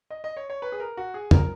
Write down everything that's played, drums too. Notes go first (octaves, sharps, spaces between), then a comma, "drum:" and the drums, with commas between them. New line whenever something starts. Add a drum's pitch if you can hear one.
D#5
D#5
C#5
C#5
B4
G#4
A#4
F#4
G#4
A#4, drum: tom